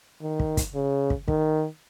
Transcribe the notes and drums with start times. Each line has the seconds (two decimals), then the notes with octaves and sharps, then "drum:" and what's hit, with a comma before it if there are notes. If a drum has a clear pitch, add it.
0.22 D#3
0.40 drum: kick
0.57 drum: kick, hi-hat
0.75 C#3
1.10 drum: kick
1.28 D#3, drum: kick